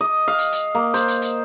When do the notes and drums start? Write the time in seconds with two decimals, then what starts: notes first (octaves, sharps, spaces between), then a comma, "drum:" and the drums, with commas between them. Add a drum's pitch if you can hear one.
0.01 D#5
0.28 F5
0.38 drum: hi-hat
0.52 drum: hi-hat
0.75 A#3
0.94 C5, drum: hi-hat
1.08 drum: hi-hat
1.22 drum: hi-hat